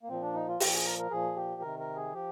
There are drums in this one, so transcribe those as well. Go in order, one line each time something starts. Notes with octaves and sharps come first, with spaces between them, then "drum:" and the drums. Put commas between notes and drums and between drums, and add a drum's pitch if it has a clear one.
A#3
A#2 F3 C4
D4
D#4
F4
A#2 F3 G4, drum: open hi-hat
G#4
A#4
A#4
A#2 F3 G#4
G4
C3 D#3 A#4
A#4
G#4
F3 G4